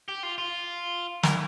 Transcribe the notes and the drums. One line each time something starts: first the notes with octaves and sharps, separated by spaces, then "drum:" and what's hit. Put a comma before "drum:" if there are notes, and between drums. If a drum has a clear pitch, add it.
G4
F4
F4
A#4, drum: snare